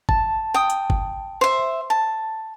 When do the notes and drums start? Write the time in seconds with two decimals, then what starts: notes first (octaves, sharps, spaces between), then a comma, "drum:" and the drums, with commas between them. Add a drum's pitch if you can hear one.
0.09 A5, drum: kick
0.54 G5 D#6
0.70 drum: hi-hat
0.90 drum: kick
1.41 C5 E5
1.90 A5